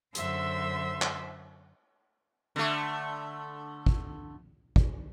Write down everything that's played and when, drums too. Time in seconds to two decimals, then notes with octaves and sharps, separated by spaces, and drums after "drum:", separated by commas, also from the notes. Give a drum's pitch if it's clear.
0.15 F#2 D3 C5 E5 C6 E6, drum: hi-hat
1.02 drum: clap
2.56 D3 A3
3.86 drum: kick
4.76 drum: kick